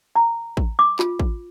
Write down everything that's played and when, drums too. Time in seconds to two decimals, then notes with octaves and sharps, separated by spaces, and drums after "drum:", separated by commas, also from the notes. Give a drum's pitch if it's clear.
0.16 A#5
0.57 drum: kick A1
0.79 D6
0.99 F4, drum: clap
1.19 drum: kick A1